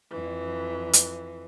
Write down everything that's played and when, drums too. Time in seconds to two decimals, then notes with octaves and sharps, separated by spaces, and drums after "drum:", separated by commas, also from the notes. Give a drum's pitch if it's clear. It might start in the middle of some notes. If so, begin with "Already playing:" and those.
0.10 F2 E3
0.93 drum: hi-hat